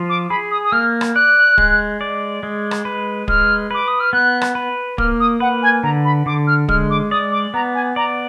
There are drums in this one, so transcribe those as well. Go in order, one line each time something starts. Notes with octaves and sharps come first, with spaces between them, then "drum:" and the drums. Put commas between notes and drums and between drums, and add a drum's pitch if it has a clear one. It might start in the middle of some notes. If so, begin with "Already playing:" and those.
Already playing: F3 F4
D6
G#4 B5
D#6
D#6
A#3 F6
drum: rim click
D5 F#6
G#3, drum: kick
D5
G#3
drum: rim click
B4
G#3 F6, drum: kick
B4 D6
D#6
F6
B3 F#6
drum: rim click
B4
A#3 F6, drum: kick
D#6
B4 F#5
G#5
D3 A#5
B5
D3 D6
F6
G#3 F6, drum: kick
D6
D5 D#6
D6
B3 A#5
G#5
D5 A#5